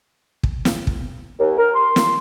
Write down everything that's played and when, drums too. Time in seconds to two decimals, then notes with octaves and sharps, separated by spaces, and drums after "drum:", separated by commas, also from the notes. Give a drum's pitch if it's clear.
0.43 drum: kick
0.65 drum: snare
0.87 drum: kick
1.39 D#2
1.58 A#4
1.74 C6
1.96 drum: snare